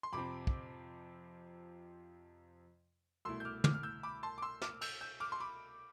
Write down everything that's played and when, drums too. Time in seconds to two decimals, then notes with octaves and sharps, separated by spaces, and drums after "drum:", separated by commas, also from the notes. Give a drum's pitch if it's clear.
0.03 C6
0.13 F2 C3 F3 C4 B5 D6
0.47 drum: kick
3.25 C2 B2 A3 E4 C6 E6
3.40 G6
3.45 D6 F6
3.64 D6 F6, drum: tom
3.74 F6
3.83 E6 G6
4.03 B5 D6
4.23 A5 C6
4.38 D6
4.42 C6 E6
4.62 D6 F6, drum: snare
4.81 E6 G6, drum: cymbal
5.01 E6 G6
5.20 D6 F6
5.32 C6
5.40 B5 D6